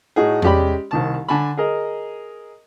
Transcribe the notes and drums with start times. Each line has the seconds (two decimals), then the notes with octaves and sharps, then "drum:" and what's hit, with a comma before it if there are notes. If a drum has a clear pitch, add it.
0.16 A2 D#4 F#4 G#4
0.42 G#3 C#4 G4 D5 B5, drum: tom E2
0.91 C2 D#3 A5
1.28 D3 G#5 A5 B5
1.57 G#4 A#4 D#5